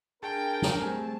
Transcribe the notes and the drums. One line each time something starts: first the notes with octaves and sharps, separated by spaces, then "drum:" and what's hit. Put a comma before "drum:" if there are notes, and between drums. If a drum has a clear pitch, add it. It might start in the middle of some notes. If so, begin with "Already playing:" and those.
D4 G#4 A#4 G5 A5
drum: snare
G3 A3 C4 G#4 A5